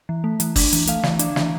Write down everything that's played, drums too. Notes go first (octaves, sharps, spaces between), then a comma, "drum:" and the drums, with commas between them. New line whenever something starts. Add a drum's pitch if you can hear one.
E3
A3
E3, drum: hi-hat
D4, drum: kick, open hi-hat
E3, drum: hi-hat
A3 F5, drum: hi-hat
E3, drum: snare
D4, drum: hi-hat
E3, drum: snare